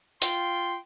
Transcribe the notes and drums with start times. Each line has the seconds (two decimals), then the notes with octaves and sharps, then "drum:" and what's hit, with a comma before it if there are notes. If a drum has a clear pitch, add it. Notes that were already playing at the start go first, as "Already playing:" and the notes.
0.22 F4 G5 C6, drum: hi-hat